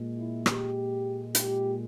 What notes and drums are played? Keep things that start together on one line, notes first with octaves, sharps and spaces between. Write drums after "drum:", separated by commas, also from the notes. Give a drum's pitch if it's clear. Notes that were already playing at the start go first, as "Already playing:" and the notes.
Already playing: A#2 G#3
E4
G4, drum: rim click
G4, drum: hi-hat